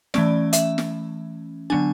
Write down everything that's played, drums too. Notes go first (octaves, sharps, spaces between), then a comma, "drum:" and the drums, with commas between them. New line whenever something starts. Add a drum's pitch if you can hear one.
E3 A3 C#4 D5, drum: snare
E5, drum: hi-hat
drum: snare
D3 F#3 B3 D4 G#5